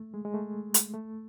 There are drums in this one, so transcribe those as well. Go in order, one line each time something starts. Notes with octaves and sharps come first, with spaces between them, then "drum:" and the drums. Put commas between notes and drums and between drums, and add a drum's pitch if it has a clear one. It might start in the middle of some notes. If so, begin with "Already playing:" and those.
Already playing: A3
G#3
G#3
A3
drum: hi-hat
A3